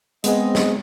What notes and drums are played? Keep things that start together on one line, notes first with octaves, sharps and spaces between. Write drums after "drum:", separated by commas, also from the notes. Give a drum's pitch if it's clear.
G#3 B3 C4 G#4 D#5, drum: hi-hat
drum: snare